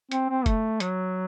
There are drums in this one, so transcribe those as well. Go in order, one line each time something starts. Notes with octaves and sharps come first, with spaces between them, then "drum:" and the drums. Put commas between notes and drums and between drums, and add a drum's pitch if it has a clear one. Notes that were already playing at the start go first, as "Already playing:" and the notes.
C4, drum: hi-hat
C4
A3, drum: kick F1, hi-hat
F#3, drum: hi-hat